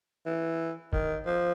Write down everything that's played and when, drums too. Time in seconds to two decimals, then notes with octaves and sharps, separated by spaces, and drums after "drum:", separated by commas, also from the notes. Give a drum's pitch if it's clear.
0.26 E3
0.93 D#3, drum: kick
1.26 F3